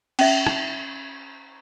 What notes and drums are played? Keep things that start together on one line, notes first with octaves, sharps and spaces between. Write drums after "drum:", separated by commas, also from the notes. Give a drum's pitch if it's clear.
C#4 E5, drum: cymbal
drum: rim click